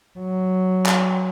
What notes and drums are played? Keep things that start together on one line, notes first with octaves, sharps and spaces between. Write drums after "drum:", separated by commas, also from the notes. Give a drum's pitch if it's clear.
F#3
drum: clap